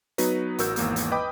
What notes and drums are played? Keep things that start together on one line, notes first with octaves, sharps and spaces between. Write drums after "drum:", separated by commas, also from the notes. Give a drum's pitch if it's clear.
F#3 B3 D#4 F#4 B4, drum: hi-hat
A1 F#4 A#4 E6 G6, drum: hi-hat
G#1 E2 A#3 E6, drum: hi-hat
drum: hi-hat
B4 D#5 G5 B5 D6 D#6